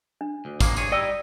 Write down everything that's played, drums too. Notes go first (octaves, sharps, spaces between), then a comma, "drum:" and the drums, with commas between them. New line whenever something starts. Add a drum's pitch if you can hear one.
D4
D2
F3 G#3 A#3, drum: kick, tambourine
G2 G#4 C#5, drum: tambourine
G3 D#4 D5 D#5 G5 E6